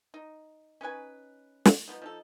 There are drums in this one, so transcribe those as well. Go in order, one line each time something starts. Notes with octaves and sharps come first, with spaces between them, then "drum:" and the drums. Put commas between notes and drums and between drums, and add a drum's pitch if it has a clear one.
D#4
C#4 D#4 B4 G#5
drum: snare
F3 B3 D#4
F3 D#4 A4